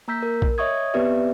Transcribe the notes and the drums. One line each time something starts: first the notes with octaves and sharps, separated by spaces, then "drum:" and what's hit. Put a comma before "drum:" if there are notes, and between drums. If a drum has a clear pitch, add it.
A#3 A#5 E6 G6 B6
A#4
drum: kick A#1
C#5 D#5 E5 C#6 D#6 G#6
B3 C4 G4 B4 D5 E5